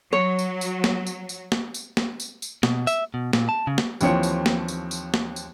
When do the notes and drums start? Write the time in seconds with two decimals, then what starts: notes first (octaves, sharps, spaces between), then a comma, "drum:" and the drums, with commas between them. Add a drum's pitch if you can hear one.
0.13 F#3 C#5
0.39 drum: tambourine
0.61 drum: tambourine
0.84 drum: snare
1.07 drum: tambourine
1.29 drum: tambourine
1.52 drum: snare
1.74 drum: tambourine
1.97 drum: snare
2.20 drum: tambourine
2.42 drum: tambourine
2.63 B2, drum: snare
2.87 E5, drum: tambourine
3.14 B2
3.33 A#2, drum: snare
3.49 A5
3.67 C#3
3.78 drum: snare
4.01 D#2 E3 F3 C4 C#5 C#7, drum: tambourine
4.23 drum: tambourine
4.46 drum: snare
4.68 drum: tambourine
4.91 drum: tambourine
5.14 drum: snare
5.36 drum: tambourine